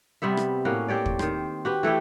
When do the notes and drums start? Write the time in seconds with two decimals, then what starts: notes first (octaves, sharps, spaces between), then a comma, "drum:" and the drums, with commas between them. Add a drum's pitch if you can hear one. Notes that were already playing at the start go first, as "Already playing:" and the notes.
0.22 C3 G3 B3 E5
0.37 drum: rim click
0.65 A2 A#3 C#4 F#4
0.88 C4 G4 C#5 D5
1.06 drum: kick
1.19 D#3 C5, drum: rim click
1.65 F#4 G4 B4
1.83 E3 A3 E4 G4